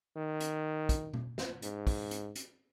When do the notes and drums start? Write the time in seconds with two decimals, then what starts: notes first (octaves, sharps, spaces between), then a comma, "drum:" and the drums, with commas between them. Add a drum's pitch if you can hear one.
0.16 D#3
0.40 drum: hi-hat
0.89 drum: kick, hi-hat
1.14 drum: tom B2
1.38 drum: snare
1.62 G#2, drum: hi-hat
1.87 drum: kick, open hi-hat
2.11 drum: hi-hat
2.35 drum: hi-hat